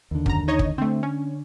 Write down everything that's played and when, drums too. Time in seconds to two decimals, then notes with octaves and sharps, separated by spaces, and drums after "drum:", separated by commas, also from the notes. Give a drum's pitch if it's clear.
0.11 D#2 D3
0.26 F#2 A#5, drum: kick
0.48 D#4 C#5 D#5
0.59 drum: kick
0.78 D3 A3 C4
1.03 C#4